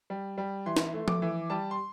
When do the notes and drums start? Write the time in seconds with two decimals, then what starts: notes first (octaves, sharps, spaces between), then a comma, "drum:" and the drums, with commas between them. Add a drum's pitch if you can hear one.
0.10 G3
0.38 G3
0.66 E3 C6
0.76 drum: snare
0.94 A3
1.08 D6, drum: tom F3
1.22 E3
1.50 G3 A5
1.71 C6